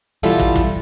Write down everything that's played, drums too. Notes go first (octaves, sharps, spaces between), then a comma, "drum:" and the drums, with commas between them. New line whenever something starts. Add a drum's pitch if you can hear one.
B2 E3 G3 E4 F4 A4
drum: kick
drum: kick